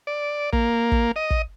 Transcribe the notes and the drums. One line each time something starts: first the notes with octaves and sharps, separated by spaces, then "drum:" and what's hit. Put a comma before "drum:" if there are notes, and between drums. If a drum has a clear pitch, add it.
D5
A#3, drum: kick
drum: kick
D#5
drum: kick